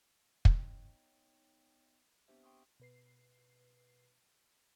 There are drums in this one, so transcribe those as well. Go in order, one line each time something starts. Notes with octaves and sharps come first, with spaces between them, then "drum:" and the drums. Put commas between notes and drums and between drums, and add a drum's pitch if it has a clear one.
B3 D#4 C#5 D#5 G5, drum: kick
B3 C4 D4 G4 C5 E5
G5 C6 C#6 D#6
B2 B4 C7